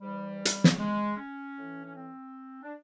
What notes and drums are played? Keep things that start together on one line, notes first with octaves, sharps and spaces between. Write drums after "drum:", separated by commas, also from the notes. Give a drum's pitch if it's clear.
G#2 E3 G3
drum: hi-hat
drum: snare
G#3
C#4
A2 E3
C#4
C4
D4